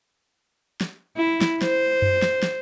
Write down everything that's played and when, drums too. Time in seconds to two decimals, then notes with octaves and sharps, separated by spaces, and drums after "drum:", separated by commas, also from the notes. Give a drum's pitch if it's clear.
0.81 drum: snare
1.17 E4
1.41 drum: snare
1.62 C5, drum: snare
2.02 drum: tom F#2
2.22 drum: snare
2.43 drum: snare